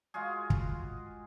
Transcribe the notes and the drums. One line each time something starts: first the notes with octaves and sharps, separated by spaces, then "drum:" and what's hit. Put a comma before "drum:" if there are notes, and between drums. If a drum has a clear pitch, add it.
G#3 F4 F#4 G#4
drum: kick